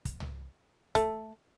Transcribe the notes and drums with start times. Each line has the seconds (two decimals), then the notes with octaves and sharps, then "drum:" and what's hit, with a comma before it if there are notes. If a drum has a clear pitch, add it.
0.05 drum: kick, hi-hat
0.20 drum: tom
0.95 A3, drum: kick, hi-hat